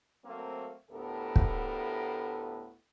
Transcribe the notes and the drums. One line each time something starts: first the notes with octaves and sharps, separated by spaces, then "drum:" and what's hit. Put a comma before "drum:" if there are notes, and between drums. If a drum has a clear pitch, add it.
F#3 A3 A#3 C4
D2 A2 B3 G4 A4 A#4
drum: kick